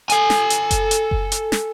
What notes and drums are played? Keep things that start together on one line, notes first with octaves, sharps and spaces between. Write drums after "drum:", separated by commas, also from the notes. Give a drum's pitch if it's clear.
A4 G#5, drum: hi-hat
drum: snare
drum: hi-hat
drum: kick F#1, hi-hat
drum: hi-hat
drum: kick F#1
drum: hi-hat
drum: snare